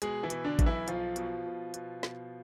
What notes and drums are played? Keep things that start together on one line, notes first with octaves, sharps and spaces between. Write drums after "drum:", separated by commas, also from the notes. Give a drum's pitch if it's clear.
B2 G#3 G#4, drum: hi-hat
E3 E4
B2, drum: hi-hat
D3 D4
B1, drum: kick A1, hi-hat
E3 E4
B1 F3 F4, drum: hi-hat
B2, drum: hi-hat
B2
B2, drum: hi-hat
B2, drum: snare